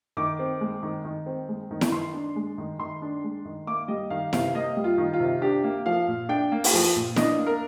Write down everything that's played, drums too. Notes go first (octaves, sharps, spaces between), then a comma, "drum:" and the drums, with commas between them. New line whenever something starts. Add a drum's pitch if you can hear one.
D#3 D6
C4
G#3
D#3
D#3
C4
G#3
D#3
drum: snare E4
D#3 C6
D4
G#3
D#3
D#3 C6
D4
G#3
D#3
A#3 D6
G3 D#5
D#3 F5
C3 F5, drum: snare E4
A#3 D#5
G3
F4
D#3
F4
C3
D4 G4
A#3
F3 F5
A#2
D4 G5
A#3
drum: open hi-hat
F3
A#2
D4 D#5, drum: snare E4
A#3
A#4